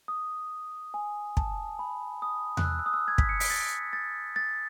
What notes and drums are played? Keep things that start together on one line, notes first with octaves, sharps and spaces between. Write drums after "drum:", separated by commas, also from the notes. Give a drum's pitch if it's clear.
D#6
G#5
A5, drum: kick
B5
D#6
F#6, drum: tom E2
E6
E6
D#6
E6
G#6
B6, drum: kick
C#7
B6, drum: open hi-hat
A6
A6
A6